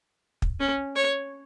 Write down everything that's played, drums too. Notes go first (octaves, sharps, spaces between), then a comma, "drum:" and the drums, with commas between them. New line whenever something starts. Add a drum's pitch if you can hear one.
drum: kick
C#4
C#5